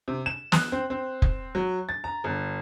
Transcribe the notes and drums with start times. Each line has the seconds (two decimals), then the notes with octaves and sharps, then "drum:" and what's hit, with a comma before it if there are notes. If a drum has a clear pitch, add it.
0.08 C3
0.26 E7
0.52 F#6, drum: snare
0.72 C4
0.90 C4
1.22 drum: kick F1
1.55 F#3
1.89 A6
2.04 A#5
2.24 G1